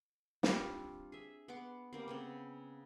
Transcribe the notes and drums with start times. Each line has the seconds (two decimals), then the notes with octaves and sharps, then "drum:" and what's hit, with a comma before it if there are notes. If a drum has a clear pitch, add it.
0.43 G3 C4 D4 F4, drum: snare
1.12 G#4 E5
1.48 B3 F#5 C6 D6
1.93 G3 A#3 C4
2.08 C#3 B3 C4